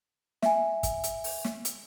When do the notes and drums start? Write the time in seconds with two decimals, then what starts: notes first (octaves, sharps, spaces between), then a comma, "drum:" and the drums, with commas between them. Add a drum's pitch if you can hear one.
0.42 E5 G#5, drum: snare
0.83 drum: kick, hi-hat
1.04 drum: hi-hat
1.24 drum: open hi-hat
1.44 drum: snare
1.65 drum: hi-hat